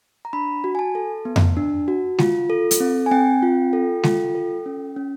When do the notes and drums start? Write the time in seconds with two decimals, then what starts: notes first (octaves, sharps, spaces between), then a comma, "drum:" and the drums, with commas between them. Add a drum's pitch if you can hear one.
0.25 A#5
0.33 D4 B5
0.64 F#4
0.75 G#5
0.79 A5
0.95 A4
1.25 B3
1.36 drum: tom F2
1.57 D4
1.88 F#4
2.19 F4, drum: snare G#3
2.50 A4
2.71 drum: hi-hat
2.80 C4
3.06 G#5
3.11 C4 G5
3.42 F4
3.73 A4
4.03 F4, drum: snare G#3
4.35 A4
4.66 C#4
4.96 C#4